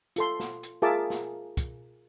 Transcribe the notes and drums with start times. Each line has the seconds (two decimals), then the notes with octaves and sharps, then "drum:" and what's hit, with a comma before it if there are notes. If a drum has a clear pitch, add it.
0.16 F4 A4 C6, drum: hi-hat
0.40 drum: snare
0.63 drum: hi-hat
0.82 F4 G#4 A#4 E5 A5 D6
1.10 drum: snare
1.57 drum: kick, hi-hat